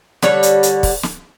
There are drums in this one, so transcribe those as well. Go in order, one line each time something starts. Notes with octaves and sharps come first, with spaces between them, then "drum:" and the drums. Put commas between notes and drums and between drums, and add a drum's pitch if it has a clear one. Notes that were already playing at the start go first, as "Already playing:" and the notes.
D3 G3 C#5, drum: snare
drum: hi-hat
drum: hi-hat
drum: kick, open hi-hat
drum: snare